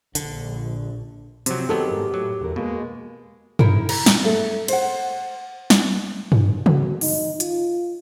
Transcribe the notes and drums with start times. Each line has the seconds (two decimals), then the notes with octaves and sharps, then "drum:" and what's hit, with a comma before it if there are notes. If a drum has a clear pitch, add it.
0.15 A#1 D3, drum: hi-hat
1.46 C3 F3 F#3 C4, drum: hi-hat
1.69 D#3 F#3 B3 G4 A4
1.92 G#2 A#4
2.14 A2 F#3
2.41 E2 D3 A#4
2.56 B2 G#3 A#3
3.59 D#4 E4 A#4, drum: tom G2
3.89 A#5, drum: cymbal
4.06 drum: snare
4.24 A3 A4 E5
4.68 C5 F#5, drum: cymbal
5.70 drum: snare
6.32 drum: tom G2
6.66 F#4, drum: tom C#3
7.01 D#4, drum: open hi-hat
7.40 F4, drum: hi-hat